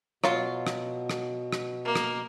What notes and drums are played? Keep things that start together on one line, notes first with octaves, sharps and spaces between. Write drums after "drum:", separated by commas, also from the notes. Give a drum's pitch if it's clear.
B2 F#3 F4, drum: rim click
drum: rim click
drum: rim click
drum: rim click
A#3
drum: rim click